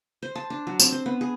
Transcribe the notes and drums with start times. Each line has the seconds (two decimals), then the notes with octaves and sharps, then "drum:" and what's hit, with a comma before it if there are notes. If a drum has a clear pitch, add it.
0.22 C5
0.35 A5
0.50 D4
0.67 F#3
0.80 C4, drum: tambourine
0.92 C5
1.06 B3
1.21 G#4